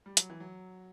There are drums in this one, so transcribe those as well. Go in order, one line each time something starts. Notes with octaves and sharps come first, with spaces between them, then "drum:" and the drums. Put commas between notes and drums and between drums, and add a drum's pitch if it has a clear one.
G3
F#3, drum: hi-hat
E3
F#3